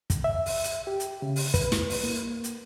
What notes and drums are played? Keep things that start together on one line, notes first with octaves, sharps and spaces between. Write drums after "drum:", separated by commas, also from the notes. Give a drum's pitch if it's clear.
drum: kick, hi-hat
E5
drum: open hi-hat
drum: hi-hat
G4
drum: hi-hat
C#3
drum: open hi-hat
B4, drum: kick, hi-hat
drum: snare
drum: open hi-hat
A#3
drum: hi-hat